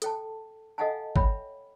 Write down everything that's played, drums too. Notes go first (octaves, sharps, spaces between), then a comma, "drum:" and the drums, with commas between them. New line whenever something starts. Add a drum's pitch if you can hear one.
A4 G5 A5, drum: hi-hat
A4 D#5 F5 F#5 G#5 A5
C#5 E5 G5 B5, drum: kick G#1